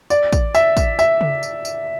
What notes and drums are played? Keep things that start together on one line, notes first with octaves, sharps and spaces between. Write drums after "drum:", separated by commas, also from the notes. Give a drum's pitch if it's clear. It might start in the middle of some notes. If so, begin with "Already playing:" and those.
D5, drum: tambourine
drum: kick, tambourine
E5, drum: tambourine
drum: kick, tambourine
E5, drum: tambourine
drum: tom C#3
drum: tambourine
drum: tambourine